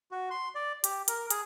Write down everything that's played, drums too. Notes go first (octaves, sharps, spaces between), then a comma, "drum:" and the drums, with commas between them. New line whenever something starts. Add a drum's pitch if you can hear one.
F#4
C6
D5
G4, drum: hi-hat
A#4, drum: hi-hat
G#4, drum: hi-hat